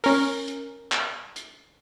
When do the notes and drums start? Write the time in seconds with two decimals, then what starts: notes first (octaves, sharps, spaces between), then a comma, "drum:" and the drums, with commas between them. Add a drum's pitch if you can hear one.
0.04 C#4 A#4, drum: open hi-hat
0.48 drum: hi-hat
0.92 drum: clap
1.36 drum: hi-hat